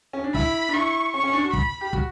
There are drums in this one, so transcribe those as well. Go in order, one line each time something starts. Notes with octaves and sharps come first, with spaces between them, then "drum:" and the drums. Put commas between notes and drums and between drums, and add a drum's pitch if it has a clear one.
C#4
D4
E4 B5, drum: kick
D4
E4 C#6
C#4 C#6
C#4
D4
F#4
B5, drum: kick
G4
F#4, drum: kick